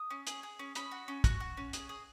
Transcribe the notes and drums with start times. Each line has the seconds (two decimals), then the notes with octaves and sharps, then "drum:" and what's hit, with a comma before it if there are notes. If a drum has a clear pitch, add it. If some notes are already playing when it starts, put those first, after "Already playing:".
Already playing: D#6
0.10 C#4
0.27 G#4, drum: hi-hat
0.43 G#4
0.59 C#4
0.75 C#4 B5 D#6, drum: hi-hat
0.91 F#4
1.08 C#4
1.24 F#4 C#6 F#6, drum: kick, hi-hat
1.40 F#4
1.57 C#4
1.73 G#4, drum: hi-hat
1.89 G#4